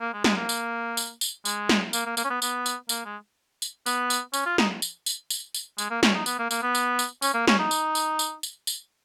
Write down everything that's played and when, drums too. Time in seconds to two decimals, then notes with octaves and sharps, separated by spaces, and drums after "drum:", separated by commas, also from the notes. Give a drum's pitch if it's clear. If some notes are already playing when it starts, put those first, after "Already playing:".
0.01 A#3
0.13 G#3
0.24 G#3, drum: snare
0.37 A#3
0.49 drum: tambourine
0.97 drum: tambourine
1.21 drum: tambourine
1.45 G#3, drum: tambourine
1.69 drum: snare
1.93 A#3, drum: tambourine
2.06 A#3
2.17 A#3, drum: tambourine
2.25 C#4
2.30 B3
2.42 B3, drum: tambourine
2.66 drum: tambourine
2.89 A#3, drum: tambourine
3.05 G#3
3.62 drum: tambourine
3.86 B3, drum: tambourine
4.10 drum: tambourine
4.33 C#4, drum: tambourine
4.46 F4
4.58 D#4, drum: snare
4.82 drum: tambourine
5.06 drum: tambourine
5.30 drum: tambourine
5.54 drum: tambourine
5.78 G#3, drum: tambourine
5.90 A#3
6.03 C#4, drum: snare
6.15 D#4
6.26 B3, drum: tambourine
6.39 A#3
6.51 A#3, drum: tambourine
6.62 B3
6.75 drum: tambourine
6.99 drum: tambourine
7.22 C#4, drum: tambourine
7.34 A#3
7.48 C#4, drum: snare
7.59 D#4
7.71 drum: tambourine
7.95 drum: tambourine
8.19 drum: tambourine
8.43 drum: tambourine
8.67 drum: tambourine